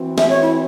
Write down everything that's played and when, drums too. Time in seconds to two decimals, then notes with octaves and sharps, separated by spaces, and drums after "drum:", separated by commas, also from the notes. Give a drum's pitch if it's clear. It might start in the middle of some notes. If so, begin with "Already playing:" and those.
Already playing: E3 C4 F#4
0.18 E5, drum: snare
0.30 C#5
0.42 E4